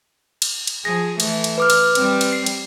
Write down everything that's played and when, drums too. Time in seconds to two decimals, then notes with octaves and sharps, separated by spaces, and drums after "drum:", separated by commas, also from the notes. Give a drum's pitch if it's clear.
0.42 drum: cymbal
0.67 drum: cymbal
0.85 F3 G#4 A#6
1.20 E3 A3, drum: cymbal
1.44 drum: cymbal
1.58 B4 D6 F6
1.70 drum: cymbal
1.95 G3 C4, drum: cymbal
2.21 drum: cymbal
2.33 C7
2.46 drum: cymbal